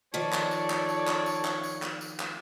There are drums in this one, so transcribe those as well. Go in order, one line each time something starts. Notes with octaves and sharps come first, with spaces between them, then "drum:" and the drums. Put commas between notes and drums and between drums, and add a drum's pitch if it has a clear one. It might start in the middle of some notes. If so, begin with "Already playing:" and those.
D#3 F3 A4 C#5 D5 A5
drum: clap
drum: tambourine
drum: clap
drum: tambourine
drum: clap
drum: tambourine
drum: clap
drum: tambourine
drum: clap
drum: tambourine
drum: clap